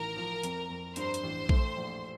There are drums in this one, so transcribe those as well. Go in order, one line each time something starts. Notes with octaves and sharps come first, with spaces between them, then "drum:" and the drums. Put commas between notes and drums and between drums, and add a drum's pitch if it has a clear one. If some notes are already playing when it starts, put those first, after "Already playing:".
Already playing: A1 D#3 A#4 A#5
F3
F2, drum: hi-hat
F2
G2 C5 C6, drum: hi-hat
drum: hi-hat
A1
A3, drum: kick A#1
A#1